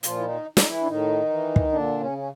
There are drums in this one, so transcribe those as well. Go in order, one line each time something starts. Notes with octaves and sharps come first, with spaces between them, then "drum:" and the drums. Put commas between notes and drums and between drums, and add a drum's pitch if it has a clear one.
A#2 F3 F4, drum: hi-hat
E4
D#3 D#4
D#4, drum: snare
E3 E4
D4
A2 D#3 D#4
E3
drum: kick
A#2 D3 D4
C#3 C#4
C#4